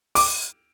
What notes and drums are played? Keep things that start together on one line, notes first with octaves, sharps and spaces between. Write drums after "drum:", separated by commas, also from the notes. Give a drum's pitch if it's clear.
D6, drum: open hi-hat